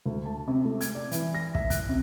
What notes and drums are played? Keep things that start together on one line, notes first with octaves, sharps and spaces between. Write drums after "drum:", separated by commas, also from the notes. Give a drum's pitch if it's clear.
D2
A5
C3
A3
G#6, drum: hi-hat
D5
E3, drum: hi-hat
A#6
E5, drum: kick
F#6, drum: kick, hi-hat
C3